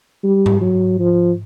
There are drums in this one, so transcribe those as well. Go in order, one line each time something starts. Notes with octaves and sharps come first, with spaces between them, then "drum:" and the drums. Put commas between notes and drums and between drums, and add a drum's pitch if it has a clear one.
G3
drum: tom G#2
F#3
F3